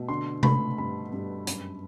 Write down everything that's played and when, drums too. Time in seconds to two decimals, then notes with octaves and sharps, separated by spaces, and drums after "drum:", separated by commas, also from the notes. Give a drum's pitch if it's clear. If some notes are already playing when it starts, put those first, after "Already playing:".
Already playing: B2 A3
0.09 D3 C6
0.43 A3 B5, drum: tom C3
0.78 G2 B5
1.12 G2
1.47 F#2, drum: hi-hat